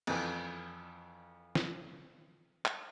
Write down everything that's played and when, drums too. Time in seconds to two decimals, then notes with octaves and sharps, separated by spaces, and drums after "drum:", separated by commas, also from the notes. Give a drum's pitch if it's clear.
0.07 F2 E3, drum: cymbal
1.55 drum: snare
2.65 drum: clap